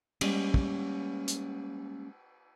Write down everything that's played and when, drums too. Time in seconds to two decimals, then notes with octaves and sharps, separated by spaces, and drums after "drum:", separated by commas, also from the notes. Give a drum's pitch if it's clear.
0.21 G3 G#3 A#3 C#4, drum: cymbal
0.54 drum: kick
1.28 drum: hi-hat